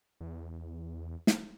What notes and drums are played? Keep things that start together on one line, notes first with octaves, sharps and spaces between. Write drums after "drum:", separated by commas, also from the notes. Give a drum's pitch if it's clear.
E2
drum: snare